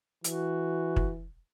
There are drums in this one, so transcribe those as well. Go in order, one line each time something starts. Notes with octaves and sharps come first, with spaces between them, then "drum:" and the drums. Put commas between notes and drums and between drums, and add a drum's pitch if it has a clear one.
E3 F#4, drum: hi-hat
drum: kick